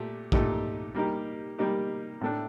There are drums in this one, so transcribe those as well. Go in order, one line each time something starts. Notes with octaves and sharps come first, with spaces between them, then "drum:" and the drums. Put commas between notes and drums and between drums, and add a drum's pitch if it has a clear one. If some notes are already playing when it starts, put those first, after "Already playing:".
Already playing: A#2 A3 G4
A#2 A3 D#4 G4, drum: kick
G3 A#3 D#4 G4
G3 A#3 D#4 G4
A2 A3 D4